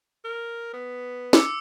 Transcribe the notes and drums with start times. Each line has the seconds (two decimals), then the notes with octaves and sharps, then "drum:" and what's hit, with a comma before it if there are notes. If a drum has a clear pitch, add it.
0.24 A#4
0.73 B3
1.33 D6 E6 C#7, drum: snare